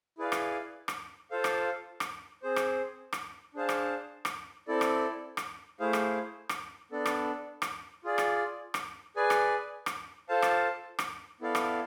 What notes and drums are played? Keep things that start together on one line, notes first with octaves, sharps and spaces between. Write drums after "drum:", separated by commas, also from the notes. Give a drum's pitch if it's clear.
E4 G#4 B4 D5 F5
drum: rim click
drum: rim click
F4 A4 C5 F5
drum: rim click
drum: rim click
C4 G#4 C5
drum: rim click
drum: rim click
D4 G#4 C5 F5 A5
drum: rim click
drum: rim click
C4 E4 A4 D5
drum: rim click
drum: rim click
A3 E4 G#4 C5 F5
drum: rim click
drum: rim click
B3 D4 A4 D5
drum: rim click
drum: rim click
F4 G#4 D5
drum: rim click
drum: rim click
G#4 B4 D5 G#5
drum: rim click
drum: rim click
F4 A4 C5 F5 A5
drum: rim click
drum: rim click
B3 E4 A4 D5 F5
drum: rim click